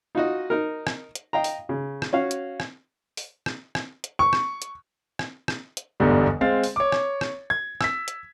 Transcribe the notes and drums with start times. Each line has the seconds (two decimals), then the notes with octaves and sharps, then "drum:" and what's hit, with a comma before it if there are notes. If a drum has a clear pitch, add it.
0.15 D#4 F4 F#4 D#5
0.50 D#4 A#4
0.87 drum: rim click
1.15 drum: hi-hat
1.33 D#5 F5 G5 A#5
1.44 drum: open hi-hat
1.69 C#3
2.02 drum: rim click
2.13 C#4 F#4 F5
2.31 drum: hi-hat
2.60 drum: rim click
3.17 drum: open hi-hat
3.46 drum: rim click
3.75 drum: rim click
4.04 drum: hi-hat
4.19 C#6
4.33 drum: rim click
4.62 drum: hi-hat
5.19 drum: rim click
5.48 drum: rim click
5.77 drum: hi-hat
6.00 G1 E2 G#2 D3 G3
6.41 G#3 C4 F5 A6
6.64 drum: open hi-hat
6.76 C#5 D6
6.92 drum: rim click
7.21 drum: rim click
7.50 G#6
7.81 E6 B6, drum: rim click
8.08 drum: hi-hat